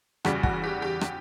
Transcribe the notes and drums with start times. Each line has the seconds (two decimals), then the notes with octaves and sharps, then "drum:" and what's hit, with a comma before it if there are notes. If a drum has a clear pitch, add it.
0.25 E2 C#3 G3 F#4, drum: rim click
0.43 F#4, drum: kick
0.64 G4
0.82 G4
1.01 drum: rim click